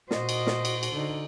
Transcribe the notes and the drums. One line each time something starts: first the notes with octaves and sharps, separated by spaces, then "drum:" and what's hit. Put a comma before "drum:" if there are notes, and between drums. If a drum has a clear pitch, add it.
A#2 F#4 C5 D#5, drum: snare
drum: cymbal
drum: snare
drum: cymbal
drum: cymbal
D3 D#4